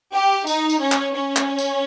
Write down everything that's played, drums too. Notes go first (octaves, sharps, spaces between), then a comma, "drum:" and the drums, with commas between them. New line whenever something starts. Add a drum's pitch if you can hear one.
G4
D#4, drum: tambourine
drum: tambourine
C#4
drum: clap
C#4
drum: clap
drum: tambourine